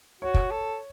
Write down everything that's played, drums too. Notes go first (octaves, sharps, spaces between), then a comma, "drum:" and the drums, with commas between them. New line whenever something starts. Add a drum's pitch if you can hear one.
F#4 C#5
drum: kick
A4